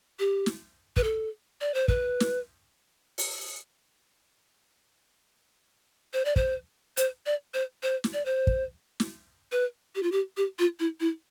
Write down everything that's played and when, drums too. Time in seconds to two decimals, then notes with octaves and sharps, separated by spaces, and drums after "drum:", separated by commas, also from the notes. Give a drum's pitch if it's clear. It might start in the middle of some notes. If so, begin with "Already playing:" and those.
0.19 G4
0.46 drum: snare
0.96 B4, drum: kick
1.04 A4
1.61 D5
1.74 C5
1.88 B4, drum: kick
2.20 drum: snare
3.18 drum: open hi-hat
6.13 C5
6.25 D5
6.36 C5, drum: kick
6.97 C5, drum: hi-hat
7.26 D5
7.54 C5
7.83 C5
8.04 drum: snare
8.13 D5
8.26 C5
8.47 drum: kick
9.00 drum: snare
9.52 B4
9.95 G4
10.03 F4
10.12 G4
10.37 G4
10.59 F4
10.80 E4
11.00 E4